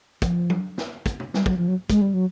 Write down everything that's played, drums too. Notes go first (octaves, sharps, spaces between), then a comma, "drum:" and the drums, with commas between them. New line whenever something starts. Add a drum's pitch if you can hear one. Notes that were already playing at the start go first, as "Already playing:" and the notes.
F3, drum: kick, hi-hat
drum: tom F#3
drum: snare
drum: kick, hi-hat
drum: tom
G3, drum: snare
F#3, drum: kick
F3
F#3
G#3, drum: kick, hi-hat
G3
F#3